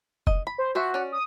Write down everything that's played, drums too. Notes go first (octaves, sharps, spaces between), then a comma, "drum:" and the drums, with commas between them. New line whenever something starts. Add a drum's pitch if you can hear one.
D#5, drum: kick F1
B5
C5
F3 F#4 C5 E5
C#4 D5
D#6